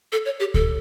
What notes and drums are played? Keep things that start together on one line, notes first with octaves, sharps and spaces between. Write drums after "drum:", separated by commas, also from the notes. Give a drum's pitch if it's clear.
A4
C#5
G4
A4, drum: kick C#2